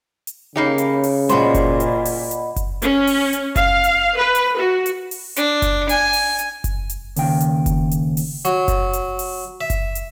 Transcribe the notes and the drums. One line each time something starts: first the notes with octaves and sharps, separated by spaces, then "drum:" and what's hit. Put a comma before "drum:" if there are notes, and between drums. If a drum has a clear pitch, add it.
drum: hi-hat
C#3 A#3 D#4 G4 C#5 B5
drum: hi-hat
drum: open hi-hat
A#2 F#4 C5 D#5 F#5 B5, drum: hi-hat
drum: kick F#1, hi-hat
drum: hi-hat
drum: open hi-hat
drum: hi-hat
drum: kick F#1, hi-hat
C#4, drum: hi-hat
drum: open hi-hat
drum: hi-hat
F5, drum: kick F#1, hi-hat
drum: hi-hat
B4
drum: hi-hat
F#4
drum: hi-hat
drum: open hi-hat
D4, drum: hi-hat
drum: kick F#1, hi-hat
G#5, drum: hi-hat
drum: open hi-hat
drum: hi-hat
drum: kick F#1, hi-hat
drum: hi-hat
D#2 C#3 G5, drum: open hi-hat
drum: hi-hat
drum: kick F#1, hi-hat
drum: hi-hat
drum: open hi-hat
F#3, drum: hi-hat
drum: kick F#1, hi-hat
drum: hi-hat
drum: open hi-hat
E5
drum: kick F#1, hi-hat
drum: hi-hat